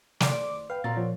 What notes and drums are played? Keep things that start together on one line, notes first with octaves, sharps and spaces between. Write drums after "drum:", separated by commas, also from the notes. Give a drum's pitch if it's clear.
C5 D5 D6, drum: snare
B4 F5 G5
A#2 C4 F#4 D5 A#5 A6
F3 C#5